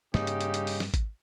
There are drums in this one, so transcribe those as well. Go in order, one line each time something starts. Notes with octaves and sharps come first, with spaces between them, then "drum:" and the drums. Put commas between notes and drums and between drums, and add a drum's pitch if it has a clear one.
G2 C#3 A#3 D#4 G4, drum: snare
drum: hi-hat
drum: hi-hat
drum: hi-hat
drum: open hi-hat
drum: snare
drum: kick G#1, hi-hat